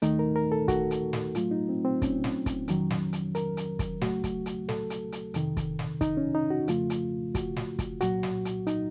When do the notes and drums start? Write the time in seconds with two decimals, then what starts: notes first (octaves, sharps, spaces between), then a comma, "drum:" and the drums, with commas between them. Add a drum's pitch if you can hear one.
0.02 D#2 D#3 A3 D#4, drum: hi-hat
0.19 A#4
0.36 A#4
0.52 A4
0.68 F#4, drum: kick, hi-hat
0.91 drum: hi-hat
1.13 drum: snare
1.35 A2 F#3 A3 F4, drum: hi-hat
1.51 D#4
1.69 C4
1.85 C4
2.02 C#4, drum: kick, hi-hat
2.24 drum: snare
2.46 drum: kick, hi-hat
2.68 F2 D#3 F#3, drum: hi-hat
2.90 drum: snare
3.13 drum: hi-hat
3.35 A#4, drum: hi-hat
3.57 drum: hi-hat
3.79 drum: kick, hi-hat
4.01 C#2 C#3 F#3 A3 F#4, drum: snare
4.24 drum: kick, hi-hat
4.46 drum: hi-hat
4.69 A4, drum: snare
4.90 drum: hi-hat
5.12 drum: hi-hat
5.34 F2 C3 D#3, drum: hi-hat
5.57 drum: kick, hi-hat
5.79 drum: snare
6.01 D#4, drum: kick, hi-hat
6.17 C#4
6.35 D#4
6.50 F#4
6.68 F2 C#3 F3 A3 F4, drum: hi-hat
6.90 drum: hi-hat
7.35 F#4, drum: kick, hi-hat
7.56 drum: snare
7.79 drum: kick, hi-hat
8.01 C2 A#2 F#3 F#4, drum: hi-hat
8.23 drum: snare
8.45 drum: hi-hat
8.67 D#4, drum: hi-hat